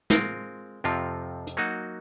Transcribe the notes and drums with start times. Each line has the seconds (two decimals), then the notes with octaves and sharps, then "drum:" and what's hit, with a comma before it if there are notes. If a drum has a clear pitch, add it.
0.10 G#3 C4 F4 A#4, drum: snare
0.84 F2 C3 F3 C4 F4
1.47 drum: hi-hat
1.57 F#3 A#3 D#4 F#4